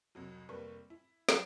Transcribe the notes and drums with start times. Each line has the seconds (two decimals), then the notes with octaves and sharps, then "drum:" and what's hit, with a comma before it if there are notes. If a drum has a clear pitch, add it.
0.15 C2 F2 F#3
0.49 F1 G3 A#3 B4 C#6
0.90 E4
1.29 F#3 F#4, drum: snare